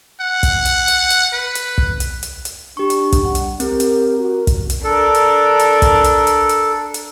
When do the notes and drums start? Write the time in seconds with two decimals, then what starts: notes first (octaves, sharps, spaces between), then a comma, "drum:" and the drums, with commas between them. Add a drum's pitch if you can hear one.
0.21 F#5
0.43 drum: kick, hi-hat
0.65 drum: hi-hat
0.88 drum: hi-hat
1.10 drum: hi-hat
1.33 B4
1.55 drum: hi-hat
1.78 drum: kick
2.00 drum: hi-hat
2.23 drum: hi-hat
2.45 drum: hi-hat
2.77 D4 G4 C#6
2.90 drum: hi-hat
3.12 drum: kick, hi-hat
3.24 G3 F#5
3.35 drum: hi-hat
3.60 C4 G4 A#4, drum: hi-hat
3.80 drum: hi-hat
4.19 F#4
4.47 drum: kick, hi-hat
4.70 drum: hi-hat
4.84 D4 A4 A#4
5.15 drum: hi-hat
5.59 drum: hi-hat
5.82 drum: kick, hi-hat
6.04 drum: hi-hat
6.27 drum: hi-hat
6.49 drum: hi-hat
6.94 drum: hi-hat